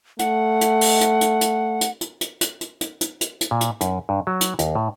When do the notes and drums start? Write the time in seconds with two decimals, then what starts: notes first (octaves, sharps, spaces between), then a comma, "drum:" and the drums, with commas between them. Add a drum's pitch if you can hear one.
0.19 A3 F#5, drum: hi-hat
0.61 drum: hi-hat
0.81 drum: open hi-hat
1.01 drum: hi-hat
1.21 drum: hi-hat
1.41 drum: hi-hat
1.81 drum: hi-hat
2.01 drum: hi-hat
2.21 drum: hi-hat
2.41 drum: hi-hat
2.61 drum: hi-hat
2.81 drum: hi-hat
3.01 drum: hi-hat
3.21 drum: hi-hat
3.41 drum: hi-hat
3.51 A#2
3.61 drum: hi-hat
3.81 F#2, drum: hi-hat
4.09 G2
4.27 F#3
4.41 drum: hi-hat
4.59 D#2, drum: hi-hat
4.75 A2